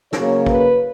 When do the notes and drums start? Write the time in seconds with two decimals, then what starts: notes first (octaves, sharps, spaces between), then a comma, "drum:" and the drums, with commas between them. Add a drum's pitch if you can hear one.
0.13 C#3 F#3 A#3 C#5, drum: snare
0.46 B4, drum: kick